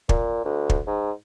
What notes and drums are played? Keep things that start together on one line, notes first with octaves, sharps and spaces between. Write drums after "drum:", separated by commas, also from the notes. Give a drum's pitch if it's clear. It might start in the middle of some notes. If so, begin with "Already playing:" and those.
A#2, drum: kick
D2
drum: kick
G#2